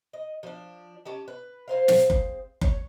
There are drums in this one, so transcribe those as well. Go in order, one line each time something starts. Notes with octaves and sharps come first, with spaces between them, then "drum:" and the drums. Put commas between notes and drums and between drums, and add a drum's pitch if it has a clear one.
D#5
F3 D4
C#4 G4 A5
B4
C4 G#4 C5 F5
drum: snare
drum: kick F#1
C#5, drum: kick F#1